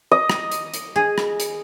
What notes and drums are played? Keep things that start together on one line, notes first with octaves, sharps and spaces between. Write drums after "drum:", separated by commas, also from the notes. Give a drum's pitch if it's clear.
D#5
drum: rim click
drum: hi-hat
drum: hi-hat
G#4
drum: rim click
drum: hi-hat